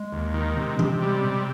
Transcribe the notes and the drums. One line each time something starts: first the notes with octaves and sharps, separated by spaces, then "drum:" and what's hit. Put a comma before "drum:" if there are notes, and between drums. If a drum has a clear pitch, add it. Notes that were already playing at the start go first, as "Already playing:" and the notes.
Already playing: G#3
D#2
D#3
C3
C3, drum: tom E3
G3
C3